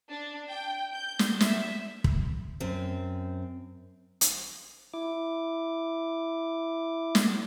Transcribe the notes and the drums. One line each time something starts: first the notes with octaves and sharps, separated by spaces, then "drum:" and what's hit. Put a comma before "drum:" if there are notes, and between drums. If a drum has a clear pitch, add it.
D4
G5
G6
drum: snare
E5, drum: snare
drum: kick
F#2 C4
drum: hi-hat
E4 D6
drum: snare